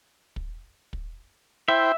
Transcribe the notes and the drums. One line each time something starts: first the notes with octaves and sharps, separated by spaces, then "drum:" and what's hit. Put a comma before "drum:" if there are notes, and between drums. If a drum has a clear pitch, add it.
drum: kick
drum: kick
E4 C5 E5 G5